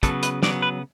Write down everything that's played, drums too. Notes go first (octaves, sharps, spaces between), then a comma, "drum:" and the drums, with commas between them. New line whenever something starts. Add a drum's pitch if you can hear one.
C#3 F#3 B3 A4, drum: kick, hi-hat
B4, drum: hi-hat
C#3 F#3 B3 D5, drum: snare
B4